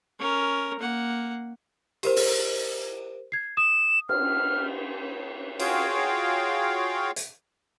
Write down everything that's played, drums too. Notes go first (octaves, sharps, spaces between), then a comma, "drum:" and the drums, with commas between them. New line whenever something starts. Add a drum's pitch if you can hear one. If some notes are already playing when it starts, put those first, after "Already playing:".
C#4 A#4
A#3 F#5
G4 A#4 C5, drum: cymbal
drum: open hi-hat
G#6 C7
D#6 E7
F6, drum: cymbal
F4 F#4 G#4 C#5 F5 G5, drum: cymbal
drum: hi-hat